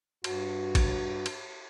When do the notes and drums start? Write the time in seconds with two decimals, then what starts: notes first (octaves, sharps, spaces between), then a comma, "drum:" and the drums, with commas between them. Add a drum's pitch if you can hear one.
0.24 G2 F#4, drum: cymbal
0.75 drum: kick, cymbal
1.26 drum: cymbal